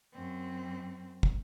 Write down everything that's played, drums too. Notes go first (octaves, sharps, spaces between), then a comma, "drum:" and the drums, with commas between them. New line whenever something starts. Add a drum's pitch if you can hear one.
F#2 C4
drum: kick